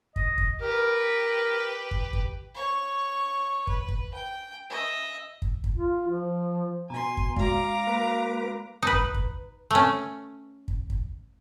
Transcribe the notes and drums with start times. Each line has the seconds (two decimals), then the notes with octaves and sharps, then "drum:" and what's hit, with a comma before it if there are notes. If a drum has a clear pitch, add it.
0.16 D#5, drum: kick
0.38 drum: kick
0.61 G4 A#4 B4
1.91 drum: kick
2.13 drum: kick
2.54 C#5 C#6
3.67 B4, drum: kick
3.88 drum: kick
4.14 G5
4.70 D#5 E5
5.42 drum: kick
5.64 drum: kick
5.77 F4
6.08 F3
6.90 B2 G#5 A#5 C6
7.17 drum: kick
7.36 G#3 F#4 F5 A#5 D6, drum: kick
7.87 A#3 B4
8.82 D#4 B4
8.93 drum: kick
9.14 drum: kick
9.71 A3 C#4
10.68 drum: kick
10.90 drum: kick